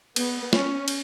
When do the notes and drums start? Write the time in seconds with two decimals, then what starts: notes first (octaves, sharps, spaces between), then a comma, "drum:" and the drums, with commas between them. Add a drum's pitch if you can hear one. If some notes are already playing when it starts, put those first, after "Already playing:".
0.16 B3, drum: cymbal
0.53 C#4, drum: snare
0.88 drum: cymbal